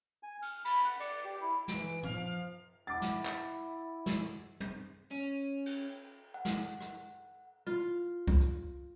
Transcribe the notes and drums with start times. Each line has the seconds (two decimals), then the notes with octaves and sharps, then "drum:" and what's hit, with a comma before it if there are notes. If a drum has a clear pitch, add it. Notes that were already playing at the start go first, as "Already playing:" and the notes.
0.23 G#5
0.42 F6, drum: cymbal
0.65 B5, drum: cymbal
0.84 F#5
1.00 D5, drum: cymbal
1.25 G4
1.41 E4
1.68 E3 D7, drum: snare
2.03 F3 F5, drum: tom
2.87 E4 F#5 D6 A6
3.02 drum: snare
3.25 drum: clap
4.06 drum: snare
4.60 drum: tom
5.11 C#4
5.66 drum: cymbal
6.34 F#5
6.45 drum: snare
6.80 drum: rim click
7.67 F4
8.28 drum: kick C2
8.41 drum: hi-hat